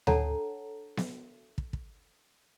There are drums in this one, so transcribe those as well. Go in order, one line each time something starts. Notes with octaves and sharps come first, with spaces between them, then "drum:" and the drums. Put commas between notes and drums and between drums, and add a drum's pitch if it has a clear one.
D4 A4 C#5 F#5 A5 A#5, drum: tom D2
drum: snare B3
drum: kick
drum: kick